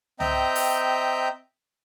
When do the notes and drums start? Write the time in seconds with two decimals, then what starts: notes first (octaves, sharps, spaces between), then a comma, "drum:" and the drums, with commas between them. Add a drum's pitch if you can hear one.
0.20 C4 D#5 E5 G5 A#5 G6, drum: tom
0.55 drum: open hi-hat